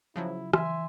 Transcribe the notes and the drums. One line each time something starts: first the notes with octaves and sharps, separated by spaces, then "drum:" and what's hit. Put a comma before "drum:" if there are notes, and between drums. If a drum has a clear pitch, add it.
C#3 F3 F#3 E4
E3 E5 G#5 C6, drum: rim click